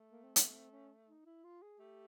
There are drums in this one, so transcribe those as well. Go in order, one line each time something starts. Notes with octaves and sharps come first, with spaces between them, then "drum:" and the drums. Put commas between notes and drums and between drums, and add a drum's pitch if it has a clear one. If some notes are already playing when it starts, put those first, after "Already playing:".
Already playing: A3
A#3
C4
B3, drum: hi-hat
B3
C4
C#4
D#4
E4
F4
G#4
A3 G4